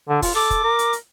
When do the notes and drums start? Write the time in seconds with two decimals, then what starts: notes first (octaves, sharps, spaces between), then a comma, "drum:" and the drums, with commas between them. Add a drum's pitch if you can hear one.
0.09 D3
0.22 F4, drum: kick, open hi-hat
0.35 A4 D6
0.51 drum: kick, hi-hat
0.64 A#4
0.79 drum: hi-hat
0.93 drum: hi-hat